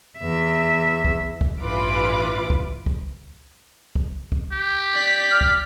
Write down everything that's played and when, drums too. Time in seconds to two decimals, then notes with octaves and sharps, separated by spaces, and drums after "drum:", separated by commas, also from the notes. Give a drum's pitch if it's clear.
0.18 E2 E5
1.05 drum: kick
1.41 drum: kick
1.59 A1 G2 E3 F4 B4 D6
2.50 drum: kick
2.86 drum: kick
3.95 drum: kick
4.32 drum: kick
4.53 G4
4.93 D5 B6
5.31 F6
5.41 drum: kick